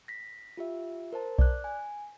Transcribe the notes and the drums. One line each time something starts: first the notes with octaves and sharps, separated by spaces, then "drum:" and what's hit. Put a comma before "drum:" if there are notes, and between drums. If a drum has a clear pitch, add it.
A#6 B6
F4 G4 E5
A#4 C5 A5
D5 F#6, drum: kick B1
G#5